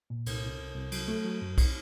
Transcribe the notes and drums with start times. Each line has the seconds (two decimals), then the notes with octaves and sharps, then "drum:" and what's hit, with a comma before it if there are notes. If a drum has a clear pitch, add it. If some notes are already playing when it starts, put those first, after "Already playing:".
0.10 A#2
0.26 C2, drum: cymbal
0.43 C2
0.59 C2
0.75 C2
0.92 F#3, drum: cymbal
1.08 A3
1.25 F#3
1.42 F#2
1.58 drum: kick, cymbal